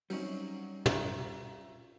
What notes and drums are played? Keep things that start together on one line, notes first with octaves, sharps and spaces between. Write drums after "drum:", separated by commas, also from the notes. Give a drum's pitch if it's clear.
F#3 G3 C4 C#4 D#4, drum: open hi-hat
F4 E5 A#5, drum: tom